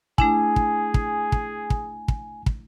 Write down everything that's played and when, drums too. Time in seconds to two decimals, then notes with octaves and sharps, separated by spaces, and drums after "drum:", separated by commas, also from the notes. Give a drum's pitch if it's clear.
0.18 A3 D4 E4 G#4 G#5, drum: kick
0.56 drum: kick
0.94 drum: kick
1.32 drum: kick
1.70 drum: kick
2.08 drum: kick
2.46 drum: kick